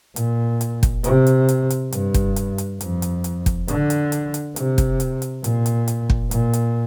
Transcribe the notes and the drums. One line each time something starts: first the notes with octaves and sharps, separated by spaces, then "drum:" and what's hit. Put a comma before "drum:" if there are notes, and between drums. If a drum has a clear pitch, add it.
A#2, drum: hi-hat
drum: hi-hat
drum: kick, hi-hat
C3, drum: hi-hat
drum: hi-hat
drum: hi-hat
drum: hi-hat
G2, drum: hi-hat
drum: kick, hi-hat
drum: hi-hat
drum: hi-hat
F2, drum: hi-hat
drum: hi-hat
drum: hi-hat
drum: kick, hi-hat
D3, drum: hi-hat
drum: hi-hat
drum: hi-hat
drum: hi-hat
C3, drum: hi-hat
drum: kick, hi-hat
drum: hi-hat
drum: hi-hat
A#2, drum: hi-hat
drum: hi-hat
drum: hi-hat
drum: kick
A#2, drum: hi-hat
drum: hi-hat